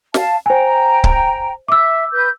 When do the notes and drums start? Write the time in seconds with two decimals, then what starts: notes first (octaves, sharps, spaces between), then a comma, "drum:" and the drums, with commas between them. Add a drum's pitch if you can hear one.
0.14 F5 A5, drum: snare
0.46 C5 G5 G#5 A#5
1.04 drum: kick C#1
1.68 E5 D6 E6
2.12 B4 G6